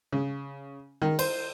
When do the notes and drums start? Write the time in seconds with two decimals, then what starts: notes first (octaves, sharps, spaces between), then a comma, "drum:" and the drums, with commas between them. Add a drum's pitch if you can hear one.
0.13 C#3
1.02 D#3
1.19 C5, drum: cymbal